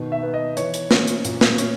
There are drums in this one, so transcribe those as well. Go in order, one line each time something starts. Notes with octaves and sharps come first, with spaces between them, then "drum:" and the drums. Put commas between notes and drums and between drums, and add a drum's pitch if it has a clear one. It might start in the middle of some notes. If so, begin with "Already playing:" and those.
Already playing: B2 D#3 D#4
E5
B3
D#5
E3 C#5, drum: hi-hat
drum: hi-hat
C#4, drum: snare
drum: hi-hat
A#2, drum: hi-hat
drum: snare
C#4, drum: hi-hat